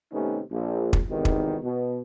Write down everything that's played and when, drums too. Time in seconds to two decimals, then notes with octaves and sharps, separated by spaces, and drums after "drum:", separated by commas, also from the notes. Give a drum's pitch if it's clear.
0.13 D#2 C3 A3 B3 C#4 D#4
0.52 A#1
0.93 drum: kick
1.09 G#1 E2 C3 D#3
1.25 drum: kick
1.63 B2